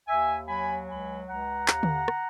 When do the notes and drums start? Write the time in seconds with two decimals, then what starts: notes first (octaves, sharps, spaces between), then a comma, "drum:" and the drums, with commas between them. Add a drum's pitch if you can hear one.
0.07 D#2 E5 G#5
0.47 F#3 G#5 B5
0.87 C#2 G#5 B5
1.27 C#2 F#5 A#5
1.68 D#2, drum: clap
1.83 drum: tom D3
2.08 drum: rim click